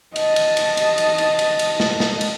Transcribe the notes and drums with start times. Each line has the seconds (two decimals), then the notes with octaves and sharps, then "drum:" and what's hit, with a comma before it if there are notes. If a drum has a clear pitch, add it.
0.16 D#5 A5, drum: cymbal
0.36 drum: cymbal
0.57 drum: cymbal
0.77 drum: cymbal
0.98 drum: cymbal
1.18 drum: cymbal
1.39 drum: cymbal
1.59 drum: cymbal
1.80 drum: snare
2.00 drum: snare
2.21 drum: cymbal